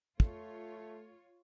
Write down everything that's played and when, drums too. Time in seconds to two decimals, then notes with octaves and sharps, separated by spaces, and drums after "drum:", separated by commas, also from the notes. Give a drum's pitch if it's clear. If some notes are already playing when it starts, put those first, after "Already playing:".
0.20 A3 F4 C#5, drum: kick